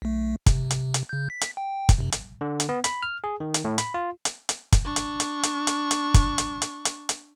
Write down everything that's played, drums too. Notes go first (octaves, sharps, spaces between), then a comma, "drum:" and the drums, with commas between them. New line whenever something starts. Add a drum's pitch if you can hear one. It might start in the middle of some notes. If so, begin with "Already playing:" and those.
B1 A3
C3, drum: kick, hi-hat
drum: hi-hat
drum: hi-hat
C#3 G6
B6
drum: hi-hat
G5
drum: kick, hi-hat
F#2 C3
drum: hi-hat
D3
drum: hi-hat
B3
B5, drum: hi-hat
F6
G#4
D#3
drum: hi-hat
A2
B5, drum: hi-hat
F4
drum: hi-hat
drum: hi-hat
drum: kick, hi-hat
D4 C#6
drum: hi-hat
drum: hi-hat
drum: hi-hat
drum: hi-hat
drum: hi-hat
drum: kick, hi-hat
drum: hi-hat
drum: hi-hat
drum: hi-hat
drum: hi-hat